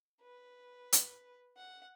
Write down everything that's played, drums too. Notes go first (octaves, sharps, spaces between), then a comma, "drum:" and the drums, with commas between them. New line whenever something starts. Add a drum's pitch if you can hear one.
B4
drum: hi-hat
F#5